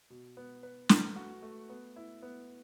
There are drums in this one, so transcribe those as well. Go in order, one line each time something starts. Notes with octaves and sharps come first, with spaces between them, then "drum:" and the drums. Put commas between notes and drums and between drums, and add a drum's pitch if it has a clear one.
B2
B3
B4
A3, drum: snare
F#4
A3
B3
E4
B3